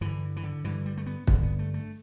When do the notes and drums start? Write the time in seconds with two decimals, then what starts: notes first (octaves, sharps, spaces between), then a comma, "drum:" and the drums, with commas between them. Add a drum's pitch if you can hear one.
0.01 G2 D3 E3
0.36 E3
0.44 D3
0.64 G2 D3 E3
0.86 G3
0.97 A3
1.06 B3
1.27 G2 D3 B3, drum: kick
1.43 B3
1.59 A3
1.74 A3